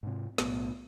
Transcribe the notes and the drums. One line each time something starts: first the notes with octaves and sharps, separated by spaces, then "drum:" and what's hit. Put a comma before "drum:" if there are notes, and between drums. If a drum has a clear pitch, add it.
G#2 C3
B1 A2 B3, drum: snare